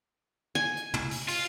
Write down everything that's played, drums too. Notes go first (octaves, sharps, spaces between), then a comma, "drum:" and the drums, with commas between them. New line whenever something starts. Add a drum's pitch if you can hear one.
G#5
drum: hi-hat
drum: tom
drum: open hi-hat
F4, drum: open hi-hat